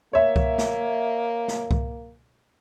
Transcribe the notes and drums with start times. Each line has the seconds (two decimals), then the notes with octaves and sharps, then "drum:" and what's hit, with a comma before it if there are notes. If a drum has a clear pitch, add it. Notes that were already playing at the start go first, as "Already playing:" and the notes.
0.13 A#3 C#5 E5
0.36 drum: kick C2
0.58 drum: snare
1.48 drum: snare
1.71 drum: kick C2